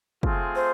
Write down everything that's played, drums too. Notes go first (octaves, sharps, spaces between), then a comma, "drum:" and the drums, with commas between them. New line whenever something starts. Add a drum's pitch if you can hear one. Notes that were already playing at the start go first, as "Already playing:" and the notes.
A3 C4 F4 G#4, drum: kick
C5